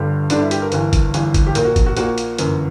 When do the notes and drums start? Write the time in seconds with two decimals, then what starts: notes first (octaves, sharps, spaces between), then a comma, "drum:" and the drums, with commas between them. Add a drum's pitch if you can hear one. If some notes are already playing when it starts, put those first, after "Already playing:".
Already playing: G1 G2 D3 G3
0.30 G1 G2 D3 G3 D4, drum: hi-hat
0.41 E4
0.51 G4, drum: hi-hat
0.62 A#4
0.72 G1 G2 E3, drum: hi-hat
0.93 drum: kick G1, hi-hat
1.14 G1 G2 E3, drum: hi-hat
1.34 drum: kick G1, hi-hat
1.47 G4
1.55 A#1 A#2 A#3 A#4, drum: hi-hat
1.65 F#4
1.76 drum: kick G1, hi-hat
1.86 F#4
1.97 A#1 A#2 A#3 F#4, drum: hi-hat
2.18 drum: hi-hat
2.38 G1 F#2 E3 A#3, drum: hi-hat